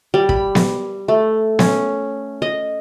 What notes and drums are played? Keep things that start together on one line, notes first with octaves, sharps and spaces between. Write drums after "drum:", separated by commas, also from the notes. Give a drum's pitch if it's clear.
G3
B5, drum: kick
drum: snare B3
A3
C#4, drum: snare B3
D#5